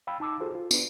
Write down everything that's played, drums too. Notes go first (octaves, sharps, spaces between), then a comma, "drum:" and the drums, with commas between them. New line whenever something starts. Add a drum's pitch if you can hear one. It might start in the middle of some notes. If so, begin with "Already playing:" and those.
F5 G5 B5 E6
D#4 A5 D6 E6
F4 F#4 G#4 A4 C5
F4
B3 D4 B4, drum: tambourine